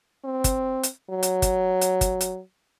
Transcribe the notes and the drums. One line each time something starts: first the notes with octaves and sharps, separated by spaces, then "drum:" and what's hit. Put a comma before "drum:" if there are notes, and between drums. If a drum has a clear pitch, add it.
C4
drum: kick, hi-hat
drum: hi-hat
F#3
drum: hi-hat
drum: kick, hi-hat
drum: hi-hat
drum: kick, hi-hat
drum: hi-hat